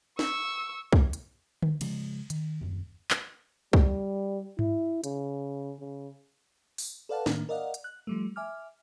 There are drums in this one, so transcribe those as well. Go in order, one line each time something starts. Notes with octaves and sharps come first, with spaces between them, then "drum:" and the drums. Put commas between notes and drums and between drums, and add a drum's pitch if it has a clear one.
C#6 E6, drum: snare
drum: kick
drum: hi-hat
drum: tom D3
C#3 F3 G#3, drum: cymbal
D#3, drum: hi-hat
D#1 F#2
drum: clap
G3, drum: kick
E4, drum: tom G#2
C#3, drum: hi-hat
C#3
drum: open hi-hat
A4 B4 D5 F5 F#5 A5
A2 D#3 A#3 D4, drum: snare
A#4 D5 D#5 F5 F#5
drum: hi-hat
F#6
F3 G3 A3
E5 G#5 D6 F6